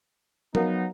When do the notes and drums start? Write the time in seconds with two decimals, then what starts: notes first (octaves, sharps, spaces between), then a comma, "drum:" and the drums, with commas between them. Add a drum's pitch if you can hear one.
0.55 F#3 B3 D#4 A#4 B4 F5, drum: tom